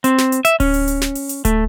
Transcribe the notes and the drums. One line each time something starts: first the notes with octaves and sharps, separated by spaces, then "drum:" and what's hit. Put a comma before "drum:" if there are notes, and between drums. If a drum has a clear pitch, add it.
C4, drum: hi-hat
drum: snare
drum: hi-hat
E5, drum: hi-hat
C#4, drum: kick D1, open hi-hat
drum: open hi-hat
drum: hi-hat
drum: snare
drum: open hi-hat
drum: hi-hat
A3, drum: kick D1, hi-hat